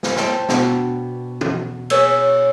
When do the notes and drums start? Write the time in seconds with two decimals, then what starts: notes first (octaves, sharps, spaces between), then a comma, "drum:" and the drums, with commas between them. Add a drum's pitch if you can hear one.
0.03 drum: snare
0.16 C5 G5 A5, drum: snare
0.49 B2 D4, drum: snare
1.41 drum: tom
1.90 G#4 B4 C#5 E6 G6, drum: cymbal